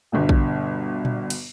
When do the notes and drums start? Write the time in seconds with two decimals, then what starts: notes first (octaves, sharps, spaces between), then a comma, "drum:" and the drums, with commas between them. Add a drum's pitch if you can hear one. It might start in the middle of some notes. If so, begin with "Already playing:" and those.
0.12 G1 G2 B2
0.29 drum: kick
1.05 drum: tom A#2
1.30 drum: cymbal